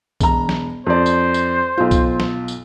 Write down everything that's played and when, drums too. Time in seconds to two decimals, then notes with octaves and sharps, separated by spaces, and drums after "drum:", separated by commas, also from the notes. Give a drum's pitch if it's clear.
0.20 E1 A#5, drum: kick B1, tambourine
0.49 drum: snare
0.87 F2 C5 D5
1.06 drum: tambourine
1.34 drum: tambourine
1.77 B1 F4
1.91 drum: kick B1, tambourine
2.20 drum: snare
2.48 drum: tambourine